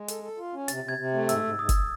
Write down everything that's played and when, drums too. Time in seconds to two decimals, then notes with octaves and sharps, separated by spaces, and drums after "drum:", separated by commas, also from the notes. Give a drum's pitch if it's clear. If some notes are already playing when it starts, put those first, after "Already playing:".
Already playing: G#3
0.08 A4, drum: hi-hat
0.23 A4
0.38 F4
0.54 C#4
0.68 C3 A6, drum: hi-hat
0.84 C3 G#6
0.98 C3
1.13 A3
1.29 G#2 E6, drum: hi-hat
1.43 G#2
1.59 G#2 D#6
1.69 drum: kick, hi-hat